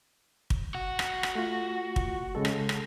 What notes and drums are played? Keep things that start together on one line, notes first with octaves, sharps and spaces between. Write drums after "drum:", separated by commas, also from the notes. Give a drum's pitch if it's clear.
drum: kick
F#4
drum: rim click
drum: rim click
A3 F4
drum: kick
C#3 G#3 A4
drum: rim click
drum: rim click